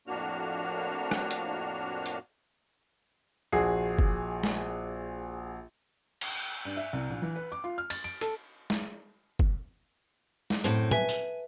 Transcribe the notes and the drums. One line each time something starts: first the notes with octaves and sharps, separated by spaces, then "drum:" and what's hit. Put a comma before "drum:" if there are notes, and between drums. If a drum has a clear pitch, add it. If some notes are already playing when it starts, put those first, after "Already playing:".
F2 A2 A#3 D4 F#4 F6
drum: rim click
drum: hi-hat
drum: hi-hat
A#1 F#4 G#4 C7
drum: kick
drum: snare
drum: cymbal
G2
E5
C2
A#1
E3
B4
D6
F4
F6
A6, drum: cymbal
D7
A4, drum: hi-hat
drum: snare
drum: kick
drum: snare
F#2 A2 C4
B4 E5 G#5, drum: tom A2
drum: tambourine